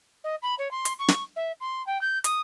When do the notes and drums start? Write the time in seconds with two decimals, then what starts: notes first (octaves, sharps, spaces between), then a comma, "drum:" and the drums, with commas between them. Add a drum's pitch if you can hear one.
0.24 D#5
0.42 B5
0.58 C#5
0.71 C6
0.85 drum: hi-hat
0.99 C#6
1.08 drum: snare
1.36 E5
1.60 C6
1.87 G5
2.01 G6
2.24 D#6, drum: hi-hat